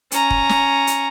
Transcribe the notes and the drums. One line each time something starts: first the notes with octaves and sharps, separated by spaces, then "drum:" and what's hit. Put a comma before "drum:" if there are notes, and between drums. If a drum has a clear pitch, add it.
C#4 A#5, drum: hi-hat
drum: kick
drum: snare
drum: hi-hat